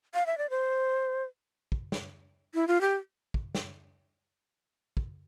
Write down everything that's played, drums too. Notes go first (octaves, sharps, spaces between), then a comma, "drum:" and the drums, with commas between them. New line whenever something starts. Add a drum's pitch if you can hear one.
F5
E5
D5
C5
drum: kick
drum: snare
E4
F4
G4
drum: kick
drum: snare
drum: kick